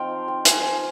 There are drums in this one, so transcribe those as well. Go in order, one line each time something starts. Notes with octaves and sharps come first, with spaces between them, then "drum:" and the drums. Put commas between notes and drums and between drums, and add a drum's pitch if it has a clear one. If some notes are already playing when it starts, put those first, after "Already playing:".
Already playing: F3 C4 D#4 F5 G5
G5
G#5, drum: hi-hat
G#5